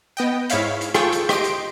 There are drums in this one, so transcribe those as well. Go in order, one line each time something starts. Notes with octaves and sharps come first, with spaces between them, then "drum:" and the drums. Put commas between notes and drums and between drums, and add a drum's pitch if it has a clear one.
B3 D#5 G5
G#2 E4 C#5 F5 B6, drum: hi-hat
drum: hi-hat
F4 G#4 A4 G5 C#6, drum: rim click
drum: hi-hat
G4 D#5 C6 D7, drum: rim click
drum: hi-hat